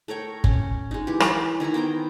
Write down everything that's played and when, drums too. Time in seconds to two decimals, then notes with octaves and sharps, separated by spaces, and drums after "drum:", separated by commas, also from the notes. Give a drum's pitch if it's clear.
0.08 A3 A#4 C#5 G5
0.44 C#4, drum: kick G1
0.91 G#3 D#4
1.07 E3 G4
1.20 drum: rim click
1.60 D#3 E4 G#5 A#5
1.74 B3 A#4 C5 G5